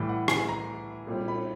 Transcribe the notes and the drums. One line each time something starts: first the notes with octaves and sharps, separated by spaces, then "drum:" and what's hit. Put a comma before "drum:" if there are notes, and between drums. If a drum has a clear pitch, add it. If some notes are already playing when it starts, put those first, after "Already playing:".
Already playing: A2 E3 G3
F#5
G#5, drum: rim click
A#5
A#2 G3, drum: cymbal
B5